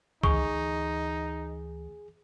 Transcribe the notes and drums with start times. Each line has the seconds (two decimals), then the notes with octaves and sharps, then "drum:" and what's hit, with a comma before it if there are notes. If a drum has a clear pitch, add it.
0.23 D2 E3 D#4 G#4 C#6, drum: kick C#2